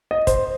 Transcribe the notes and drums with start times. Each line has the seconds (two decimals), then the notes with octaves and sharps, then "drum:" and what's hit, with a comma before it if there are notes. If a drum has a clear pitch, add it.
0.11 D#5
0.27 C5, drum: kick, hi-hat